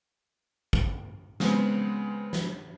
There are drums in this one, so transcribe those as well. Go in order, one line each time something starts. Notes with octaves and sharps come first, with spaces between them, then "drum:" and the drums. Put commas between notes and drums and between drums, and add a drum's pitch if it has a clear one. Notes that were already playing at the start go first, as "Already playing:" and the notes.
drum: kick
C#3 G#3 B3 C4, drum: snare
drum: snare